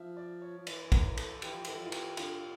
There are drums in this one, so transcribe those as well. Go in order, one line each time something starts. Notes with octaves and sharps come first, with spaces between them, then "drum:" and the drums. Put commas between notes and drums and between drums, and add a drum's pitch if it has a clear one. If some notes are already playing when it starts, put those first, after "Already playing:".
Already playing: F3 E5
D5
C#5
F3
E3 D5, drum: cymbal
C#5
A#4, drum: kick, cymbal
A4, drum: cymbal
E3 G4, drum: cymbal
F3
E3 A4, drum: cymbal
F3
E3 F4
G4, drum: cymbal
D3 F4, drum: cymbal